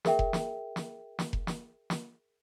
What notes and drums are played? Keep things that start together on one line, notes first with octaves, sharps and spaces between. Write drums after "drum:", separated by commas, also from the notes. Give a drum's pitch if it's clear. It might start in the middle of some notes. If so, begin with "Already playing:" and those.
G#4 A#4 E5 G5, drum: snare
drum: kick F1
drum: snare
drum: snare
drum: snare
drum: kick F1
drum: snare
drum: snare